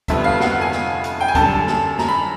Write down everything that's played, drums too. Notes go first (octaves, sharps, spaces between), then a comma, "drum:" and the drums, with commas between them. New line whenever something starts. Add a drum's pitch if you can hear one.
F1 F2 D3 G3 B3 E5, drum: kick D2, hi-hat
F5
F#5, drum: snare
F#5
G#5
drum: snare
drum: hi-hat
G5
G#5
F#2 D3 G3 A5, drum: kick D2, hi-hat
drum: snare
A#5, drum: snare
B5
A#5